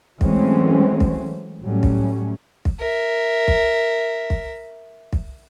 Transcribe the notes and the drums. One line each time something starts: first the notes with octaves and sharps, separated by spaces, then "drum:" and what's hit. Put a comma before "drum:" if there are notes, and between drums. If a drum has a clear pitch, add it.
E3 F#3 G#3 A3 C4 C#4, drum: kick
drum: kick
A2 F#3 G3 A3 C#4
drum: kick
drum: kick
A#4 E5
drum: kick
drum: kick
drum: kick